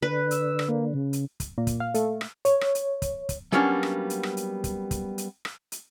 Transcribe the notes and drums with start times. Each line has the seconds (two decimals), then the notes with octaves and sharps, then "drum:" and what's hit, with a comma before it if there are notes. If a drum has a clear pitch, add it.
0.02 D3 B4
0.31 E6, drum: hi-hat
0.59 drum: rim click
0.69 A#3
0.93 C#3
1.13 drum: hi-hat
1.40 drum: kick, hi-hat
1.58 A#2
1.67 drum: kick, hi-hat
1.80 F5
1.94 A3, drum: hi-hat
2.21 drum: rim click
2.45 C#5, drum: hi-hat
2.61 drum: rim click
2.75 drum: hi-hat
3.02 drum: kick, hi-hat
3.29 drum: kick, hi-hat
3.52 F#3 G3 A#3 B3 C#4 D4
3.83 drum: rim click
4.10 drum: hi-hat
4.23 drum: rim click
4.37 drum: hi-hat
4.64 drum: kick, hi-hat
4.91 drum: kick, hi-hat
5.18 drum: hi-hat
5.45 drum: rim click
5.72 drum: hi-hat